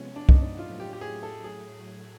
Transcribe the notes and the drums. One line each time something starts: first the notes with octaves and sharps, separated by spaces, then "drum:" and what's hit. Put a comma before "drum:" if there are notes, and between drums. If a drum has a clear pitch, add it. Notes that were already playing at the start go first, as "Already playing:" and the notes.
Already playing: C3 F3 G#3 B3 C#4
D4
D#4, drum: kick
D4
A2 F#3 A3 F4
G4
G4
G#4
A4
G#4